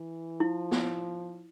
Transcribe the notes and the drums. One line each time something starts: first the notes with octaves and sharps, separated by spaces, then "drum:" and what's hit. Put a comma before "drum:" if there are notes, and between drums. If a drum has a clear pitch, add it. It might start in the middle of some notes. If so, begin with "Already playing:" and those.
Already playing: E3
F3 E4
drum: snare B3